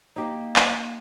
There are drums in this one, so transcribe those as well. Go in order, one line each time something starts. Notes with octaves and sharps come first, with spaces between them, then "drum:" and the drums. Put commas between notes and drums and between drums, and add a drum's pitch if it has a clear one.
A#3 D#4 G4
drum: clap